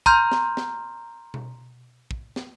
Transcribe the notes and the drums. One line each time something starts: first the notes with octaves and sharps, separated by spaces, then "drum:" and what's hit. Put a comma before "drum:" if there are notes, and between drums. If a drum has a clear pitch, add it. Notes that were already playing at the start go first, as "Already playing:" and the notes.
A#5 C6 F6 G6, drum: kick
drum: snare
drum: snare
drum: tom B2
drum: kick
drum: snare